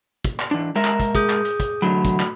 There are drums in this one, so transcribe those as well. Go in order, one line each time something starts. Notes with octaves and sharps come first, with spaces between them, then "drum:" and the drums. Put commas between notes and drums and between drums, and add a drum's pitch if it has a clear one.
drum: kick, hi-hat
drum: clap
E3 D4
G#3 A#4 E5 A#5
drum: clap
drum: kick, hi-hat
G#4 D#6 G6, drum: kick, hi-hat
drum: clap
drum: hi-hat
drum: kick, hi-hat
E2 D3 F#3 A3 F#4 B5
drum: kick, hi-hat
drum: clap